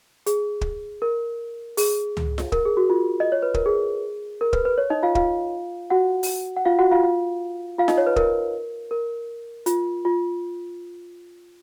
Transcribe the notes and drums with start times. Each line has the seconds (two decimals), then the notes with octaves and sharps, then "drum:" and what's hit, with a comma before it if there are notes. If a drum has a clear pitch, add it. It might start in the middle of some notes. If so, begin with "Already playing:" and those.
0.26 G#4, drum: hi-hat
0.61 drum: kick
1.02 A#4
1.77 G#4, drum: open hi-hat
2.17 drum: tom C#2
2.38 drum: snare F4
2.52 A#4, drum: kick
2.65 G#4
2.77 F#4
2.90 F4
3.20 D#5
3.32 C#5
3.42 B4
3.54 A#4, drum: kick
3.66 G#4
4.41 A#4
4.53 B4, drum: kick
4.65 B4
4.78 C#5
4.90 D#4 D#5
5.03 F4 F5
5.15 F4 F5, drum: kick
5.90 F#4 F#5
6.23 drum: open hi-hat
6.56 F#5
6.65 F4 F5
6.79 F#4 F#5
6.91 F4 F5
7.04 F4 F5
7.78 F4 F5
7.88 D#4 D#5, drum: snare F4
7.98 C#5
8.06 B4
8.16 A#4, drum: kick
8.91 A#4
9.66 F4, drum: hi-hat
10.05 F4